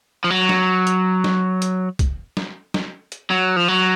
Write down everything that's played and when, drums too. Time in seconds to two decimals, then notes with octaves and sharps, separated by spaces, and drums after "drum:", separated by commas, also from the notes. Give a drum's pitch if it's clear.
0.24 F3
0.30 F#3
0.49 drum: snare
0.87 drum: hi-hat
1.24 drum: snare
1.62 drum: hi-hat
1.99 drum: kick, hi-hat
2.37 drum: snare
2.74 drum: snare
3.12 drum: hi-hat
3.30 F#3
3.56 F3
3.68 F#3